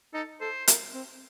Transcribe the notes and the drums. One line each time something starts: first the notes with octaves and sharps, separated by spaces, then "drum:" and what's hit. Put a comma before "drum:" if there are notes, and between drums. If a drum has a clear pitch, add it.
D#4 A4
A4 C5
A#4, drum: hi-hat
C4